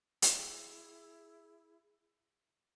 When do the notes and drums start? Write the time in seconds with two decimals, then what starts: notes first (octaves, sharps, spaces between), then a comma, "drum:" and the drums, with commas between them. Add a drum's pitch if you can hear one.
0.22 E4 G#4, drum: hi-hat